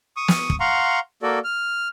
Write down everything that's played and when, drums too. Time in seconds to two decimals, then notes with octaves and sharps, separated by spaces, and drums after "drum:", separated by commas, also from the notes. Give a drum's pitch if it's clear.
0.17 C#6 D#6
0.28 drum: snare
0.50 drum: kick
0.60 F5 F#5 A#5 C6 C#6
1.23 A#3 F#4 A4 D5
1.44 F6